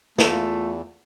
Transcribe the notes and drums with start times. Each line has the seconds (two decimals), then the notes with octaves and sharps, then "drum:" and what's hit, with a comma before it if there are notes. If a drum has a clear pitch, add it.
0.18 E2 A3 F4, drum: snare